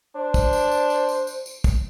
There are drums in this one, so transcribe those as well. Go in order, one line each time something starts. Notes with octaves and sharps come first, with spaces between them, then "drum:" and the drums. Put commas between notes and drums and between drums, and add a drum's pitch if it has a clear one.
D4 C5
drum: kick, tambourine
drum: tambourine
drum: tambourine
drum: tambourine
drum: tambourine
drum: tambourine
drum: tambourine
drum: kick, tambourine